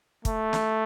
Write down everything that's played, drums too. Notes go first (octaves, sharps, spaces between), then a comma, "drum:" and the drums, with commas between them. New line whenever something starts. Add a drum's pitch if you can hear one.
A3, drum: kick, hi-hat
drum: snare